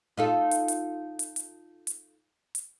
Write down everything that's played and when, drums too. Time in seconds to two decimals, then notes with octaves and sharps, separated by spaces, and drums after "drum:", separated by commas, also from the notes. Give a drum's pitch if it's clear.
0.17 D#4 F4 A4
0.51 drum: hi-hat
0.68 drum: hi-hat
1.19 drum: hi-hat
1.36 drum: hi-hat
1.87 drum: hi-hat
2.55 drum: hi-hat